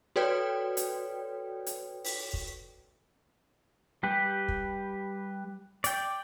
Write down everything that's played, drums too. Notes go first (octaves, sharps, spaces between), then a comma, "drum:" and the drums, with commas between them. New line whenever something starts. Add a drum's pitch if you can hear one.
F#4 A4 B4 C#5 D5 G5
drum: hi-hat
drum: hi-hat
drum: open hi-hat
drum: kick
G3 G4 B4
drum: kick
D5 G5, drum: hi-hat